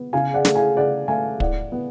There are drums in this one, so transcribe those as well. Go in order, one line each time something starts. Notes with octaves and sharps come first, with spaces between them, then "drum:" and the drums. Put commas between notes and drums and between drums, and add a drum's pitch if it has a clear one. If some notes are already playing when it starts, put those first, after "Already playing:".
Already playing: B3
C#3 F5 G#5
D5 F#5
A3, drum: snare
F5 G#5
C#3 D5 F#5
A3 F5 G#5
A2 D5 F#5, drum: kick
B3